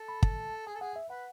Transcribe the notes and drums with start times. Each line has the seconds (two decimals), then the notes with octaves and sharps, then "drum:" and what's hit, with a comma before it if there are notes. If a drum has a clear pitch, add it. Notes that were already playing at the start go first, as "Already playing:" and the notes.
Already playing: A4
0.08 B5
0.23 A5, drum: kick
0.66 G#4 G#5
0.75 A4
0.81 G#4 F#5
0.96 E5
1.10 B4 F#5